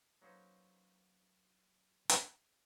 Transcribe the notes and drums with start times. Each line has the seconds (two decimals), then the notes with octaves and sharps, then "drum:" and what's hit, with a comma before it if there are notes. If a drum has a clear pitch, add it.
0.22 F#3 A#3 C#4 D#4 B4 C5
2.09 drum: hi-hat